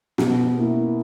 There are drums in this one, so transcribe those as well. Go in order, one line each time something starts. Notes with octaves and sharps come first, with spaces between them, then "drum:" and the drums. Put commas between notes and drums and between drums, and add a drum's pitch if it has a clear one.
B2, drum: snare
A#3 E4